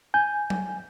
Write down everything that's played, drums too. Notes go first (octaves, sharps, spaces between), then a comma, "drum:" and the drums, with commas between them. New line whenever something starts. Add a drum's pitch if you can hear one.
G#5 G6
drum: tom